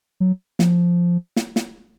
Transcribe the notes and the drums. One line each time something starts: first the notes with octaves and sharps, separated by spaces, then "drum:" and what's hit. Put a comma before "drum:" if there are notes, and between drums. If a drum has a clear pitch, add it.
F#3
F3, drum: snare
drum: snare
drum: snare